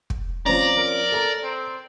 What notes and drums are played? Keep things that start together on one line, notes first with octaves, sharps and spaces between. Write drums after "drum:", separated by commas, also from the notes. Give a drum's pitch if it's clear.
drum: kick
F3 C4 C#4 D5 A#5
A#4
A4 A#5
C4